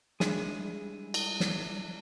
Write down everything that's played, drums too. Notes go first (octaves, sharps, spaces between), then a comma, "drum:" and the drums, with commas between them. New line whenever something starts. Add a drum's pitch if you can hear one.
G3 G#3 D4 E4 G#4, drum: snare
drum: cymbal
drum: snare